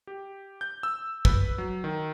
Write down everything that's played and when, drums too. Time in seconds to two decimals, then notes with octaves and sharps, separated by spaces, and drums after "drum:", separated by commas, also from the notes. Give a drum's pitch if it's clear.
0.07 G4
0.61 G6
0.83 E6
1.25 B4, drum: kick
1.58 F#3
1.84 D#3